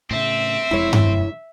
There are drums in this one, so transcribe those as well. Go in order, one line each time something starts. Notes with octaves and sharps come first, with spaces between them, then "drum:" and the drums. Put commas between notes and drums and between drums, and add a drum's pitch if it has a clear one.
A2 C#3 C4 E5
E1 F2 G#3 E4 C#5
drum: tom G2